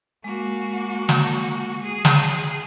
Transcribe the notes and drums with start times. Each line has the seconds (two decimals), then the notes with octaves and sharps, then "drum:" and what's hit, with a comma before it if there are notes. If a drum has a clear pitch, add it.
0.24 G#3 A#3 F#4
1.09 drum: snare
1.83 G#4
2.05 drum: snare